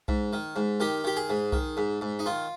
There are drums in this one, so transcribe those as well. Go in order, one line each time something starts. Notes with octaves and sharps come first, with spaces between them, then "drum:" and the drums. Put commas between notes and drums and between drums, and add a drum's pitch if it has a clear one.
G#2, drum: kick B1
D#3
G#2
D#3 G4
D#3 G4
G#4
G#2
D#3, drum: kick B1
G#2
G#2
D#4
D#3 F4